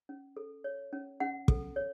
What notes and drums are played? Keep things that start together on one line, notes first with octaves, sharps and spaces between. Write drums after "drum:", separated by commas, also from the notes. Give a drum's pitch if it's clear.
C#4
A4
C#5
C#4
C#4 F#5
A4, drum: kick
C#5